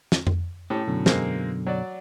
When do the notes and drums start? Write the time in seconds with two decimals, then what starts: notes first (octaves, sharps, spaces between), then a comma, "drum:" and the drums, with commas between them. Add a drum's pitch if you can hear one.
0.12 drum: snare
0.27 drum: tom F2
0.70 A2 C#4 G4
0.88 F#2 B2 D3
1.06 G#3 A#3 C4, drum: snare
1.66 F#3 D5